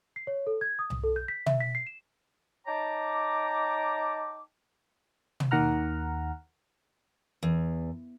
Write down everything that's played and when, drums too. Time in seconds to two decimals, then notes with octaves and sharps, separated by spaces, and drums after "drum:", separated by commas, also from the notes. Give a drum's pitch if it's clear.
0.16 C7
0.27 C#5
0.47 A4
0.61 G#6
0.79 D#6
0.90 drum: tom C2
1.03 A4
1.16 G6
1.28 B6
1.46 E5, drum: tom
1.60 B6
1.75 C7
1.87 E7
2.67 D#4 C#5 G5 A5 A#5 D6
5.40 drum: tom
5.51 D#2 D#3 F#5 A#5 F6
7.43 E2